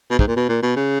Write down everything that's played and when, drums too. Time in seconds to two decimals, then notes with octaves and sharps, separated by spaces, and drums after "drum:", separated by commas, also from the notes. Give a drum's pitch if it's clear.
0.10 B2
0.19 G#2, drum: kick
0.28 A#2
0.36 B2
0.49 A#2
0.62 B2
0.76 C#3